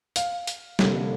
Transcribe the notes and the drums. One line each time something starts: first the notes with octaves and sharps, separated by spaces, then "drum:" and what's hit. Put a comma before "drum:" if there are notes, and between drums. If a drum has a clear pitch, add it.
F5, drum: hi-hat
drum: hi-hat
F1 F2 D3 G3 A#3, drum: snare